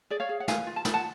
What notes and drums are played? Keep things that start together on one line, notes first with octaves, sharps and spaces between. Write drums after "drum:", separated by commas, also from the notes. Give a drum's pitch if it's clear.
G#4 D5
C#5 F5
G#4
F#5
B4 F5 G#5, drum: snare
F4
A5
F4 B5, drum: snare
F#5 A5